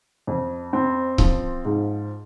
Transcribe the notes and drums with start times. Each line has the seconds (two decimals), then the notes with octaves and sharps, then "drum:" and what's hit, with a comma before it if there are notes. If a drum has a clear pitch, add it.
0.27 F2
0.73 C4
1.18 F3, drum: kick C#1
1.65 G#2